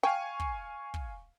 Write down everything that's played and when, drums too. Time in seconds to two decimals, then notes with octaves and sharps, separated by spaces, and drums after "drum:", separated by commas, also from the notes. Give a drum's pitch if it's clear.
0.03 F5 G5 G#5 C#6
0.40 drum: kick
0.94 drum: kick